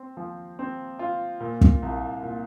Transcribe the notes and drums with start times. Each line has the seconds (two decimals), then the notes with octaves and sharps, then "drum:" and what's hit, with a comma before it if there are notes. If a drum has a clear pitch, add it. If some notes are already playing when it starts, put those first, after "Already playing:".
Already playing: C4
0.17 F3
0.59 C4
0.99 F4
1.40 A#2
1.61 drum: kick
1.82 C2
2.23 A#2